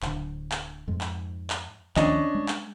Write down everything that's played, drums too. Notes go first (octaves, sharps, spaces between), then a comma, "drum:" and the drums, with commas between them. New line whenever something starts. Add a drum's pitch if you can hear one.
D1 D3, drum: clap
drum: clap
F2 G#2
drum: clap
drum: clap
D2 D#3 F3 C#4 D4 D#5, drum: clap
G#3
drum: clap